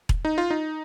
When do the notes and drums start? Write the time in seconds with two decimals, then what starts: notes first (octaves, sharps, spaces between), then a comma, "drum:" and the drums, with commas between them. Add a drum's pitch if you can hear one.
0.09 drum: kick E1
0.25 D#4
0.38 F4
0.51 D#4